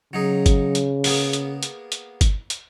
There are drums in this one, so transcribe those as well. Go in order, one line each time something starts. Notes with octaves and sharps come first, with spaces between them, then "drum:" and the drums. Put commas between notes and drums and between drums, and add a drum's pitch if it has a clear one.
C#3 F#3 D#4 G#4
drum: kick G1, hi-hat
drum: hi-hat
A#3 B3 G#4, drum: open hi-hat
drum: hi-hat
drum: hi-hat
drum: hi-hat
drum: kick G1, hi-hat
drum: hi-hat